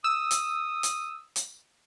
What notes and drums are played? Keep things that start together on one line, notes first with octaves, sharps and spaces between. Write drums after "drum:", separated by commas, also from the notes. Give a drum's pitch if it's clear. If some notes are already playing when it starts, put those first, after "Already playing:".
D#6 E6
drum: hi-hat
drum: hi-hat
drum: hi-hat